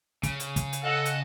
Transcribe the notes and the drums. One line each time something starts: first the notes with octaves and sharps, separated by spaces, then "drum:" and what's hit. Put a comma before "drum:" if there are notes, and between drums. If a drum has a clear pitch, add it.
C#3, drum: kick, hi-hat
drum: hi-hat
drum: kick, hi-hat
drum: hi-hat
A4 D#5 F#5 A5 F#6
drum: hi-hat